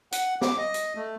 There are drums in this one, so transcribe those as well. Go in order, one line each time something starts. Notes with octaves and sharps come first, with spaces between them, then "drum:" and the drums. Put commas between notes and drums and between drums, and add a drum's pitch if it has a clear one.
F#5, drum: hi-hat
D6, drum: snare
D#5
drum: hi-hat
A3